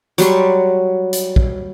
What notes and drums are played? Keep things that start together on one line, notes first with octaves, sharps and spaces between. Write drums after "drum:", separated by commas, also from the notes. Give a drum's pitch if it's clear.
F#3 G3 C6 C#6, drum: hi-hat
drum: hi-hat
drum: kick